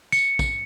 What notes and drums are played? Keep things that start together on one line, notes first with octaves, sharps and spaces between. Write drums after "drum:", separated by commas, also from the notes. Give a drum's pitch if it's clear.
C#7, drum: tambourine
drum: kick, tambourine